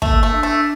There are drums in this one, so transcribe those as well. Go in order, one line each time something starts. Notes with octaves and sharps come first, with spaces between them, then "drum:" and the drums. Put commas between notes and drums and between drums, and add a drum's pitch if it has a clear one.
A3 A#3, drum: kick
A#3
A3 A#3
D4
A3